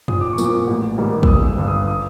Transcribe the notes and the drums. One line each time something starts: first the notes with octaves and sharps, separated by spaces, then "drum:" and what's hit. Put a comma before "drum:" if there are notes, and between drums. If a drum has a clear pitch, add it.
A#1 D#6, drum: tom
D6
C#6
A#2 F3 A#3, drum: tambourine
D6
A1
G#2 D#3 G3 A#3
E6, drum: kick
G1 D#6
E6
G2 D3
D#6
D#6